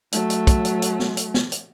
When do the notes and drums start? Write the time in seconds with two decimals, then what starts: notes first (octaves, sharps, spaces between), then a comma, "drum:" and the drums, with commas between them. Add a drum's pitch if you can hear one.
0.12 F#3 A3, drum: hi-hat
0.30 drum: hi-hat
0.47 drum: kick, hi-hat
0.65 drum: hi-hat
0.82 drum: hi-hat
1.00 drum: snare
1.17 drum: hi-hat
1.34 drum: snare
1.52 drum: hi-hat